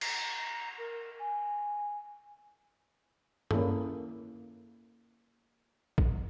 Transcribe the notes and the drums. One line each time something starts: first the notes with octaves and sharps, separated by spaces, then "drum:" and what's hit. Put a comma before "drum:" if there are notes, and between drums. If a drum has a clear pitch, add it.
A#5, drum: cymbal
A#4
G#5
A#3 C#4 E4 G#4 A4, drum: tom G2
drum: kick